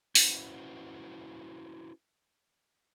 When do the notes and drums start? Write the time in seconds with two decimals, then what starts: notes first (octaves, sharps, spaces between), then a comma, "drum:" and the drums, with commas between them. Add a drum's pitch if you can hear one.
0.15 C#4 E4 F#4 G4 B4 C5, drum: open hi-hat